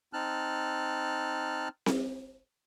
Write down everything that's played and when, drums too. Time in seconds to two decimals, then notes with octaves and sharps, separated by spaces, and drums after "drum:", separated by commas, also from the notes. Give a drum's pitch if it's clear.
0.13 C4 D#4 A5 F6 F#6
1.86 drum: snare C4